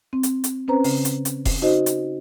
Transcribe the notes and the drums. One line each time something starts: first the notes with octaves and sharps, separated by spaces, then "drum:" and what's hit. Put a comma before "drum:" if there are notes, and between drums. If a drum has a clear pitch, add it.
C4
drum: hi-hat
drum: hi-hat
C4 C#4 B4 C5 A#5
C#3, drum: open hi-hat
drum: hi-hat
drum: hi-hat
drum: kick E1, open hi-hat
D#4 F#4 C5 D#5
drum: hi-hat